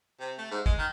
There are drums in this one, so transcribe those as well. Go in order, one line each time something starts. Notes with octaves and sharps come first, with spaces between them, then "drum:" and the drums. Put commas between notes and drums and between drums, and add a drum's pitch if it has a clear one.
C3
A3
G#2
G#3, drum: kick
D#3